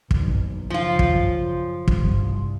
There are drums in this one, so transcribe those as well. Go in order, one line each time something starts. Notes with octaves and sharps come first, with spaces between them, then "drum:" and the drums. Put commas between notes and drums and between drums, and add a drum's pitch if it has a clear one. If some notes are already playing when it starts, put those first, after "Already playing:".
F#1 B1, drum: kick
F#2 C#3 F3 F4
drum: kick
C2 G2, drum: kick